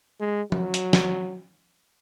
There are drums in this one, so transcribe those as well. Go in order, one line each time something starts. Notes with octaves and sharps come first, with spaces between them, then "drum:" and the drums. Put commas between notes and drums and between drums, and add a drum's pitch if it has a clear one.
G#3
F#3, drum: tom F3
drum: hi-hat
drum: snare